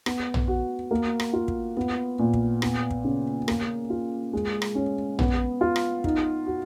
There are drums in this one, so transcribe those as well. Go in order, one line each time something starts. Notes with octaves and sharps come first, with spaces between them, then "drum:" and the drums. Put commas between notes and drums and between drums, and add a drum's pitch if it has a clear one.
B3, drum: rim click
drum: tom
F#4
A#3
drum: rim click
F4
drum: kick
B3
A#2
drum: kick
B3, drum: rim click
drum: kick
C#3
A#3, drum: rim click
F4
G#3
drum: rim click
C#4
B3, drum: tom
F4
drum: rim click
D#4, drum: kick
F#4